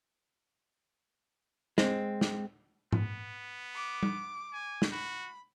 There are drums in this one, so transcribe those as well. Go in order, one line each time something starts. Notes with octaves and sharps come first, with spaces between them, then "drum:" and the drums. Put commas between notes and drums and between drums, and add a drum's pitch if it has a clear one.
G#3 C4, drum: snare
drum: snare
B3, drum: tom G#2
D6
drum: tom G3
G#5
drum: snare
F#4 B5